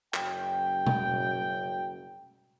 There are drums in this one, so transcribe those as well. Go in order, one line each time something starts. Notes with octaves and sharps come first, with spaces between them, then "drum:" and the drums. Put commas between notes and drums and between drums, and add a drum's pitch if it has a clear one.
F#1 F#2 G5, drum: clap
drum: tom B2